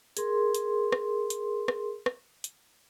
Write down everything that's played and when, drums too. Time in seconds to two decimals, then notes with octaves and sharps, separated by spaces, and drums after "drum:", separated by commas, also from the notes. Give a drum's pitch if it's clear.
0.17 G#4 A#4 C6, drum: hi-hat
0.55 drum: hi-hat
0.92 drum: rim click
1.30 drum: hi-hat
1.68 drum: rim click
2.06 drum: rim click
2.44 drum: hi-hat